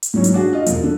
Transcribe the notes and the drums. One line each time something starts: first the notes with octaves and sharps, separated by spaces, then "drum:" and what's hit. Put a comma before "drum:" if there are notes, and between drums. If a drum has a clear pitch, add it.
drum: hi-hat
G#2 E3 F#3 C#4
drum: hi-hat
D4 F#4 G#4
F4 D#5
E1 F3, drum: hi-hat
D3